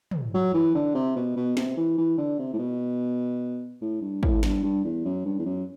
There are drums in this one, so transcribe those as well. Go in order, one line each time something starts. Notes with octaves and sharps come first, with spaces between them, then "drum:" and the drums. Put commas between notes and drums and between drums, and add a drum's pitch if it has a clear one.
drum: tom
F#3
E3
D3
C3
B2
B2
C3, drum: snare
E3
E3
D3
C3
A2
B2
A2
G2
A2, drum: kick
G2, drum: snare
G2
E2
F#2
G2
E2
F#2